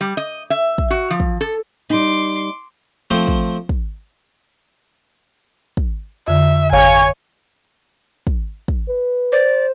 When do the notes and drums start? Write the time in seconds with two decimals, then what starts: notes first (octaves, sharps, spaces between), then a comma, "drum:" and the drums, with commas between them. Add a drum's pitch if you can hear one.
0.01 G3
0.17 D#5
0.50 E5
0.78 drum: kick
0.90 F#4
1.10 F3
1.20 drum: kick
1.41 A4
1.90 G3 D#4 C6 D6
3.11 F3 A3 C4 C5
3.28 drum: kick
3.69 drum: kick
5.77 drum: kick
6.28 F2 D3 E5
6.73 G#1 C#5 F5 G#5
8.27 drum: kick
8.68 drum: kick
8.88 B4
9.32 C5 D5